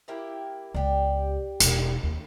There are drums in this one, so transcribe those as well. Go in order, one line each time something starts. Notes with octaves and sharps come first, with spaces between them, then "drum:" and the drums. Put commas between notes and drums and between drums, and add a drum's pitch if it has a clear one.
A#3 E4 G4
C#2 B3 D4 G4
E1 B2, drum: hi-hat
D#2